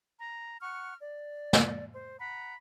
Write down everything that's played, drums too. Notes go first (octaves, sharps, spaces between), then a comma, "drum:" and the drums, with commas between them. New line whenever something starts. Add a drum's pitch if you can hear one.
A#5
F#5 C#6 F6
D5
drum: snare
C5
F#5 A#5 B5